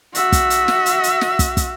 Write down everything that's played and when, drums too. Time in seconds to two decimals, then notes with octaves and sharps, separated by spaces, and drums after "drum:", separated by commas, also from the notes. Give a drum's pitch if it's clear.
0.15 F#4 E5, drum: hi-hat
0.32 drum: kick, hi-hat
0.50 drum: hi-hat
0.68 drum: snare
0.86 drum: hi-hat
1.04 drum: hi-hat
1.21 drum: snare
1.39 drum: kick, hi-hat
1.57 drum: kick, hi-hat